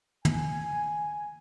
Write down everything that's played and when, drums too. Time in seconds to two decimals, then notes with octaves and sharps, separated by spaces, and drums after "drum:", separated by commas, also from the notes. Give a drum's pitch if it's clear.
0.25 G#5, drum: tom